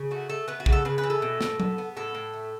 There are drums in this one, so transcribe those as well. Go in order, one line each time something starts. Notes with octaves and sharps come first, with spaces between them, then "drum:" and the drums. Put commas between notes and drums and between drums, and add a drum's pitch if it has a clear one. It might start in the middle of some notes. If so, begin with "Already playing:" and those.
Already playing: C#3
A3 F#4
A3 A4
B3 B4
F#4
C#3, drum: kick
A4
C#3 B4
B4
E3
A4
B2
B2, drum: snare
B3, drum: tom F#3
B3
A2 A4
A2
A3